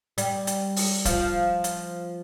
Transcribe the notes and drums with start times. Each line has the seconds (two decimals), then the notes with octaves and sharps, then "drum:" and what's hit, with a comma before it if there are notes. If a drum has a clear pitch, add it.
0.18 G3, drum: hi-hat
0.47 drum: hi-hat
0.76 drum: open hi-hat
1.05 F3, drum: kick, hi-hat
1.64 drum: hi-hat